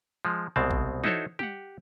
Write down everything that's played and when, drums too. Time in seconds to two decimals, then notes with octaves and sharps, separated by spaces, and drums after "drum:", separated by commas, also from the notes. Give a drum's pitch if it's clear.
0.25 F3 G#3
0.56 C2 B2 G#3 C4 A5
0.71 drum: kick A1
1.04 D#4 E4 F#4 A4 C5 C#5, drum: tom
1.39 G4 F#5, drum: tom G3